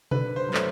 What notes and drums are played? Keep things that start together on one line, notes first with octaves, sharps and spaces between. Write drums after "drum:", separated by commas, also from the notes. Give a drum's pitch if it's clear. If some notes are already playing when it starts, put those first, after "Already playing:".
D3 B4, drum: tom B2
C5
F#3
A3, drum: clap